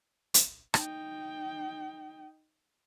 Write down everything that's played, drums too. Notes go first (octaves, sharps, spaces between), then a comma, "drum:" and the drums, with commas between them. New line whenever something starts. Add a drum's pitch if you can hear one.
drum: hi-hat
D#4 G5, drum: rim click